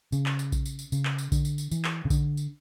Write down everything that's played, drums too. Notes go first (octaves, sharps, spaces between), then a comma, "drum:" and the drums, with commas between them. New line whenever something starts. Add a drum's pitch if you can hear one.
C#3, drum: tambourine
drum: clap
drum: tambourine
drum: kick A#1, tambourine
drum: tambourine
drum: tambourine
C#3, drum: tambourine
drum: clap
drum: tambourine
D3, drum: kick A#1, tambourine
drum: tambourine
drum: tambourine
E3, drum: tambourine
drum: clap
C#3
D3, drum: kick A#1, tambourine
drum: tambourine